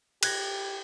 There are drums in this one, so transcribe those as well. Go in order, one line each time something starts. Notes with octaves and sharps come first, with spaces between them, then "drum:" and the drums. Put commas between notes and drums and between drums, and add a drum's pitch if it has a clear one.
G4 F#6 G#6 A#6, drum: cymbal